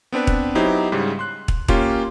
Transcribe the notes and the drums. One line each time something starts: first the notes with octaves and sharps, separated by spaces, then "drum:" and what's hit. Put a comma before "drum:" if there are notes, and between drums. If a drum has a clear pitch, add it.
B3 C4 D4 B4
drum: kick
F#3 B3 D#4 E4 G4 C5
G#2 C#3 G3
C6 F#6
drum: kick
A#3 C#4 F4 G4, drum: kick